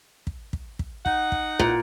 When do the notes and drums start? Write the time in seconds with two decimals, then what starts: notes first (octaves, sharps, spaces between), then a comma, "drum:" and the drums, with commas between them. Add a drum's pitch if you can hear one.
0.27 drum: kick
0.53 drum: kick
0.79 drum: kick
1.06 D#4 F#5, drum: kick
1.32 drum: kick
1.59 A#2, drum: kick